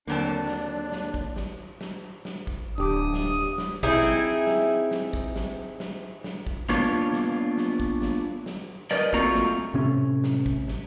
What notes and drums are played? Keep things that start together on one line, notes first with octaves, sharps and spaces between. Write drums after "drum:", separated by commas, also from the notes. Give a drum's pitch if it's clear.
D#2 D3 F#3 A#3 C4 D4 A5
drum: snare
drum: snare
drum: kick
drum: snare
drum: snare
drum: snare
drum: kick
D1 D4 G4 D6 D#6
drum: snare
drum: snare
C4 D#4 E4 G#4, drum: kick
drum: snare
drum: snare
drum: snare
drum: kick
drum: snare
drum: snare
drum: snare
drum: kick
A#3 B3 D4 F4 C#5, drum: snare
drum: snare
drum: snare
drum: kick
drum: snare
drum: snare
A#4 B4 D5 D#5, drum: snare
A3 A#3 C4 F4 F#4 A#5, drum: kick
drum: snare
A2 C3 C#4
drum: snare
drum: kick
drum: snare